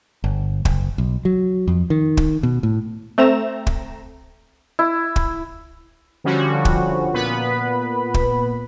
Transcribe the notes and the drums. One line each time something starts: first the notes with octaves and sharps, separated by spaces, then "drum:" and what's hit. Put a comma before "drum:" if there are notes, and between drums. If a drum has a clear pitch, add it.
G1
F#1, drum: kick
B1
F#3
F2
D#3
drum: kick
B2
A2
A3 C4 A#5 E7
drum: kick
E4
drum: kick
D3 F3 G3 C#4 F#4
drum: kick
A#2 B3 B4 B5
drum: kick